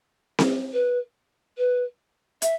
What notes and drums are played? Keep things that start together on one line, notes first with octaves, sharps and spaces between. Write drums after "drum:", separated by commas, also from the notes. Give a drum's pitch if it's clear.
drum: snare C4
B4
B4
E5, drum: hi-hat